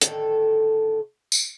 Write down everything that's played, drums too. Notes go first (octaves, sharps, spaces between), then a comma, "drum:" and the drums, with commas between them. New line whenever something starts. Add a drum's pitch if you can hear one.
A2 D3 D#3 A4, drum: hi-hat
drum: tambourine